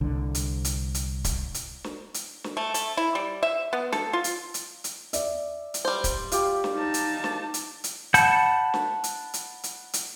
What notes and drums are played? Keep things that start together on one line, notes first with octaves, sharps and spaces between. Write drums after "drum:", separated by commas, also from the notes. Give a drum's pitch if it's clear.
C2 D3
drum: hi-hat
drum: hi-hat
drum: hi-hat
drum: kick, hi-hat
drum: hi-hat
drum: snare
drum: hi-hat
drum: snare
A3
A3, drum: hi-hat
E4
G3
E5
B3
A4, drum: snare
F4
drum: hi-hat
drum: hi-hat
drum: hi-hat
D5 E5, drum: hi-hat
drum: hi-hat
G3 C5
drum: kick, hi-hat
F4 G4, drum: hi-hat
drum: snare
D#4 A5
drum: hi-hat
drum: snare
drum: hi-hat
drum: hi-hat
F#5 A5 B5 G6, drum: hi-hat
drum: snare
drum: hi-hat
drum: hi-hat
drum: hi-hat
drum: hi-hat